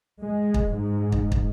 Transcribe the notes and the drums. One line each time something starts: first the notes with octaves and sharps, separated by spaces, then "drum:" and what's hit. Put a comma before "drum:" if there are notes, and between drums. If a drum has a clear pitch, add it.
G#3
drum: kick
G#2
drum: kick
drum: kick